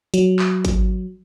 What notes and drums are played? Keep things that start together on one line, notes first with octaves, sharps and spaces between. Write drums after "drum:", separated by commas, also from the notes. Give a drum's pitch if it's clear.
F#3, drum: hi-hat
drum: clap
drum: kick G#1, hi-hat